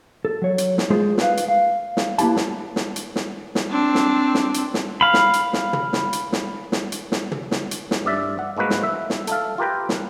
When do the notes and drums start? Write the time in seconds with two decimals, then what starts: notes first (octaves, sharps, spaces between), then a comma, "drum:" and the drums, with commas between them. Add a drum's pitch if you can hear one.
0.25 A4
0.42 F#3 C#5
0.58 drum: hi-hat
0.78 drum: snare
0.90 G#3 F4 G#4 C5
1.18 B4 F5, drum: snare
1.37 drum: hi-hat
1.48 F5
1.97 drum: snare
2.18 A#3 B3 E4 G4 A5, drum: hi-hat
2.36 drum: snare
2.76 drum: snare
2.96 drum: hi-hat
3.16 drum: snare
3.55 drum: snare
3.70 C4 D4
3.95 drum: snare
4.34 drum: snare
4.54 drum: hi-hat
4.74 drum: snare
5.01 F5 B5
5.14 drum: snare
5.33 drum: hi-hat
5.53 drum: snare
5.73 drum: tom
5.93 drum: snare
6.13 drum: hi-hat
6.32 drum: snare
6.72 drum: snare
6.92 drum: hi-hat
7.12 drum: snare
7.32 drum: tom
7.51 drum: snare
7.71 drum: hi-hat
7.91 drum: snare
8.05 G2 D5 E5
8.39 F#5
8.57 G#2 G#3 A#3 F#4 B4
8.70 drum: snare
8.84 E5
9.10 drum: snare
9.27 A4 E5 F5, drum: hi-hat
9.58 F4 G4 A#4 B4 G5
9.89 drum: snare